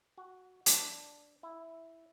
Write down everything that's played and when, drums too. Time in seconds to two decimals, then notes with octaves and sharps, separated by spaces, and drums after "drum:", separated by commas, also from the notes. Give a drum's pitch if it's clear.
0.18 F#4
0.66 D4, drum: hi-hat
1.43 E4